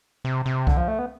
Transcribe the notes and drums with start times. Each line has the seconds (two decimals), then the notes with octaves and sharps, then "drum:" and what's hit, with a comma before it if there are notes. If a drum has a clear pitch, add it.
0.25 C3
0.46 C3
0.67 D3, drum: kick C2
0.77 F3
0.88 A3
0.99 B3